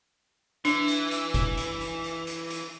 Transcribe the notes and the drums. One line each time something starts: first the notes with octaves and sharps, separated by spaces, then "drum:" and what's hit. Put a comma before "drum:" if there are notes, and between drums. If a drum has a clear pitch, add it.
E3 D4, drum: hi-hat
drum: hi-hat
drum: hi-hat
drum: kick F1, hi-hat
drum: hi-hat
drum: hi-hat
drum: hi-hat
drum: hi-hat
drum: hi-hat